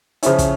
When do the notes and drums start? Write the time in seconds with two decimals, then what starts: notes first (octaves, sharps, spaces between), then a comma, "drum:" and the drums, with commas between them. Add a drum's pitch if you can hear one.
0.23 C#3 F3 C#4 E4, drum: hi-hat
0.38 drum: kick, hi-hat